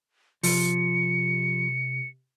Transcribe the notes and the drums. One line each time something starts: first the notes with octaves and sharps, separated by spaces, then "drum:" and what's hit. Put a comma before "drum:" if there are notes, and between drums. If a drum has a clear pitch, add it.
C3 F3 C#7, drum: open hi-hat